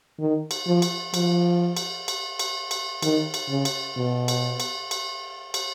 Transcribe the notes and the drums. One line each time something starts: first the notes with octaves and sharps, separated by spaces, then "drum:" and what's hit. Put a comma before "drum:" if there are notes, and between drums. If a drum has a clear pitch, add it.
D#3
drum: cymbal
F3
drum: cymbal
F3, drum: cymbal
drum: cymbal
drum: cymbal
drum: cymbal
drum: cymbal
D#3, drum: cymbal
drum: cymbal
C#3
drum: cymbal
B2
drum: cymbal
drum: cymbal
drum: cymbal
drum: cymbal